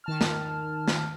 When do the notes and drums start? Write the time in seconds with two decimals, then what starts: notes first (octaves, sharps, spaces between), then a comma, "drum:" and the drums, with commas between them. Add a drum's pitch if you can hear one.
0.04 D#3 A5 F6
0.21 drum: snare
0.88 drum: snare